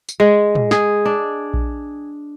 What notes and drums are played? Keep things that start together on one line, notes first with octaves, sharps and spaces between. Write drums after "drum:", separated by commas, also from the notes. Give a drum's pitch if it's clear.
drum: tambourine
G#3
drum: tom
G#4, drum: snare
D4
drum: kick A#1